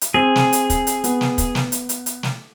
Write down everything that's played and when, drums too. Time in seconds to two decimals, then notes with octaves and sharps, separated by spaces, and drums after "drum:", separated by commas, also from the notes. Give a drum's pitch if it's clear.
0.01 drum: hi-hat
0.14 C4 G#4
0.36 drum: snare
0.53 drum: hi-hat
0.70 drum: kick, hi-hat
0.87 drum: hi-hat
1.04 B3, drum: hi-hat
1.21 drum: snare
1.38 drum: kick, hi-hat
1.55 drum: snare
1.72 drum: hi-hat
1.89 drum: hi-hat
2.06 drum: hi-hat
2.23 drum: snare